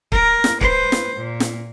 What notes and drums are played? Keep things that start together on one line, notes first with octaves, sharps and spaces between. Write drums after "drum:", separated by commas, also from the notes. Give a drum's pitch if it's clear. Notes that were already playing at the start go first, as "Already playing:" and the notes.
A#4, drum: kick
drum: snare
B4 C5, drum: kick
drum: snare
A#2
drum: snare